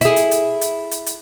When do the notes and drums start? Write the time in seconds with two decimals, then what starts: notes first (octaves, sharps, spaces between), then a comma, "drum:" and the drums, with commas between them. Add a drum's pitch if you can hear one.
0.01 E4 G#4, drum: hi-hat
0.16 drum: hi-hat
0.31 drum: hi-hat
0.61 drum: hi-hat
0.91 drum: hi-hat
1.06 drum: hi-hat